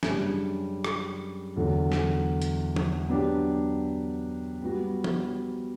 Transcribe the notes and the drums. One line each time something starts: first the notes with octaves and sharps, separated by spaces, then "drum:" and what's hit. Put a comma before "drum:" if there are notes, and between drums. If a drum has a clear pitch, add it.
F#2 C#3 G3 D4, drum: snare
drum: rim click
E2 D3 F#3
drum: snare
drum: hi-hat
drum: tom
F#3 B3 D4 G4
G3 B3 F#4
drum: tom